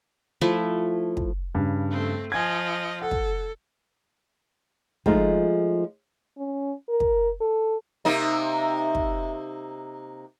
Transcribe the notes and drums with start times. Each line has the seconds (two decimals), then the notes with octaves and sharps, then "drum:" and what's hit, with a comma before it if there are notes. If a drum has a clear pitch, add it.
0.41 F3 A3 E4
1.17 drum: kick
1.55 G2 C#3
1.91 A3 C4
2.32 F3 D#5 G#5 G#6
3.02 A4 F#5
3.11 drum: kick
5.06 F3 G#3 A3 D#4 F4, drum: kick
6.38 C#4
6.89 A#4
7.00 drum: kick
7.41 A4
8.05 C3 A#3 D#4
8.95 drum: kick